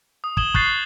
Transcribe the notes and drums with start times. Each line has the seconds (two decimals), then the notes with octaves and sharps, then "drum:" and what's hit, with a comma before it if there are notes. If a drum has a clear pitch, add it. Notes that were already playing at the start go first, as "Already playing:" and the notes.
0.24 D#6
0.37 D#6 G#6 E7 F#7 G7, drum: kick
0.54 C#6 F#6 G6 A6 C7, drum: kick